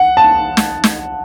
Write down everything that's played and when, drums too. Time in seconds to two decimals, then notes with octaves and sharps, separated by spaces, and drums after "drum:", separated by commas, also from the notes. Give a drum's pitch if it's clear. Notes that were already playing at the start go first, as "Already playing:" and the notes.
Already playing: F#5
0.17 A5
0.57 drum: snare
0.84 drum: snare